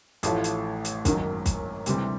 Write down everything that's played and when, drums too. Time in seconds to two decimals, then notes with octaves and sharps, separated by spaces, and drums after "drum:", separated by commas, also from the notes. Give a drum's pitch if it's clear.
0.23 A1 A2 F3 A3, drum: hi-hat
0.44 drum: hi-hat
0.85 drum: hi-hat
1.05 G#1 F#2 D#3 F#3, drum: kick, hi-hat
1.46 drum: kick, hi-hat
1.86 D2 C3 E3 G3 C4, drum: hi-hat